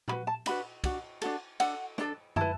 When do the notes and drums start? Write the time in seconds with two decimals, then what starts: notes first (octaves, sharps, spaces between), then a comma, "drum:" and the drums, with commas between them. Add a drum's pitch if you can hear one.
0.08 D4 F#4 B4 B5, drum: tom A#2
0.27 A5
0.46 D4 F#4 B4 B5, drum: cymbal
0.84 D4 F#4, drum: kick, cymbal
1.22 D4 F#4 A4, drum: cymbal
1.60 D4 A4 F#5, drum: cymbal
1.98 D4 A4, drum: rim click
2.36 E4 B4 A5, drum: tom